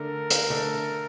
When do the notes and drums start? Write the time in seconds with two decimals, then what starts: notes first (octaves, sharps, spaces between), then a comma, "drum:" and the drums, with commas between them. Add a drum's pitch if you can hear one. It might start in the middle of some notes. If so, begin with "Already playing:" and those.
Already playing: D3 A3 D4 A4 A#4
0.30 drum: hi-hat
0.50 D3 A3 D4 A4